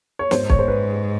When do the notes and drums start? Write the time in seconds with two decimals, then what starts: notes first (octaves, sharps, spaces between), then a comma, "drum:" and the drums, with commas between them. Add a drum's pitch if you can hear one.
0.19 C#5
0.31 G#2 C5, drum: snare
0.50 C#5, drum: kick
0.59 C5
0.68 B4